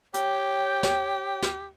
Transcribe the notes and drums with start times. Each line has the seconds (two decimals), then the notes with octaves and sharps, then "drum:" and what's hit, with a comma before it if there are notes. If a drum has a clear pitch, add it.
0.14 G4 C#5 G5, drum: hi-hat
0.83 drum: snare
1.42 drum: snare